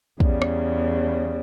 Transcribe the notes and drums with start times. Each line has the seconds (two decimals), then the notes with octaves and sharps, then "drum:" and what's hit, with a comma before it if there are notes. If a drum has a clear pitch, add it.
0.20 E2 C#3 G3, drum: kick
0.42 drum: rim click